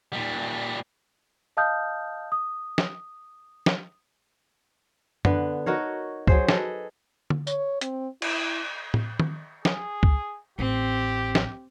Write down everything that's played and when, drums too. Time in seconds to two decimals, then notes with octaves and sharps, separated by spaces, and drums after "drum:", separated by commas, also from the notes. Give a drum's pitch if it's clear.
0.13 A#2 G3
1.57 D#5 F5 A5 D#6 F6 G6
2.32 D#6
2.78 drum: snare
3.66 drum: snare
5.25 D3 B3, drum: tom F#2
5.66 D#4 F#4 A#4 C#5
6.27 F#3 G#4 C5, drum: kick
6.49 G#4 A4 B4 D#5, drum: snare
7.30 drum: tom D3
7.47 C#5, drum: tambourine
7.81 C4, drum: hi-hat
8.22 E4, drum: cymbal
8.94 drum: tom
9.20 drum: tom
9.65 G#4, drum: snare
10.03 drum: kick
10.59 A1 C4 G4
11.35 drum: snare